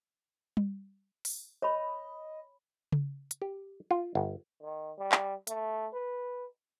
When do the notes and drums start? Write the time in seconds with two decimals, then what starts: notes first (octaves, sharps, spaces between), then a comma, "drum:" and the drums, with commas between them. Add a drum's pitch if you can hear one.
0.57 drum: tom G3
1.25 drum: open hi-hat
1.62 C#5 D#5 B5
2.92 drum: tom C#3
3.31 drum: hi-hat
3.42 G4
3.91 F4
4.15 G1
4.62 D#3
4.98 G3
5.12 drum: clap
5.47 A3, drum: hi-hat
5.93 B4